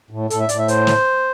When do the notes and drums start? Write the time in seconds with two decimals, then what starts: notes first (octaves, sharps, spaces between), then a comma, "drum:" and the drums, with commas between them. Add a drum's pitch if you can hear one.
0.11 A2
0.30 A2 A4, drum: hi-hat
0.40 E5
0.49 A2 D5, drum: hi-hat
0.59 E5
0.68 C5, drum: hi-hat
0.87 drum: snare